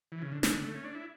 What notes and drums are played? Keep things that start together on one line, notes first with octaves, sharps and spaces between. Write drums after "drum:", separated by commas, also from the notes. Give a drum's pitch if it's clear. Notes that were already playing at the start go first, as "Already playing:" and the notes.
E3
C#3
D3
D3, drum: snare
D3
A3
C#4
D4
E4